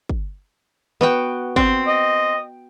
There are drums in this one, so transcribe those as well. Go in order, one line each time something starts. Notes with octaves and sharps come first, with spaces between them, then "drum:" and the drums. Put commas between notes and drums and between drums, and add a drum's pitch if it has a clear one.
drum: kick
B3 F#4 G5
C4, drum: kick
D#5